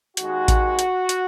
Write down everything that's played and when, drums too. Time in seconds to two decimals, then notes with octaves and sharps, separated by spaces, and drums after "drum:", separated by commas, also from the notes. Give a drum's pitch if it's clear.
0.17 D#2 D#3 G#3 F#4, drum: hi-hat
0.48 drum: kick A1, hi-hat
0.79 drum: hi-hat
1.09 drum: hi-hat